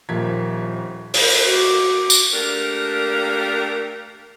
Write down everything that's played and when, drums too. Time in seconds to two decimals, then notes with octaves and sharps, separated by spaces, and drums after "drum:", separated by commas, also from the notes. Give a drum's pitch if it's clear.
0.09 D#1 A#1 F3 A#4 G#6 B6
1.14 drum: open hi-hat
1.45 F#4 D6
2.10 drum: tambourine
2.34 A3 A#3 D4 G4 A#4